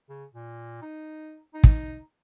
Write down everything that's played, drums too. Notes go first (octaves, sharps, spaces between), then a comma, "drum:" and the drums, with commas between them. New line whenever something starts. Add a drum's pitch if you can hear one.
C#3
A#2
D#4
D#4
drum: kick